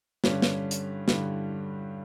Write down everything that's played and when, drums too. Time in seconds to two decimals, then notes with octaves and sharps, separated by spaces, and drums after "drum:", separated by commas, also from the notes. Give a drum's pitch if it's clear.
0.24 G2 D3 G3 C#4, drum: snare
0.42 drum: snare
0.71 drum: hi-hat
1.08 G2 D3 G3, drum: snare